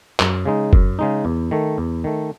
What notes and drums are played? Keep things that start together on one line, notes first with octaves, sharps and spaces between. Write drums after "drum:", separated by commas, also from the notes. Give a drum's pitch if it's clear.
F#2, drum: clap
C#3 G#3 D#4
F#2, drum: kick
C#3 G#3 D#4
E2
D#3 A3
E2
D#3 A3